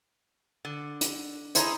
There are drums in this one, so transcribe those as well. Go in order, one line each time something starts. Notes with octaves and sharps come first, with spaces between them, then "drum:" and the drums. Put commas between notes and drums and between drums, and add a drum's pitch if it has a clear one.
D3
drum: hi-hat
D#4 E4 G#4 C5 A#5 B5, drum: hi-hat